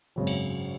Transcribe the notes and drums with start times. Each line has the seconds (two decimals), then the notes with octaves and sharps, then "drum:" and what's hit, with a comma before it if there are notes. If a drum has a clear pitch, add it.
0.16 G#1 F#2 C#3 F#3
0.27 drum: cymbal